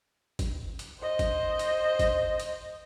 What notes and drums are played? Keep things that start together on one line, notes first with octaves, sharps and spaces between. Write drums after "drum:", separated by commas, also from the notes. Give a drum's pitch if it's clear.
drum: kick, hi-hat
drum: hi-hat
C5 D#5
drum: kick, hi-hat
drum: hi-hat
drum: kick, hi-hat
drum: hi-hat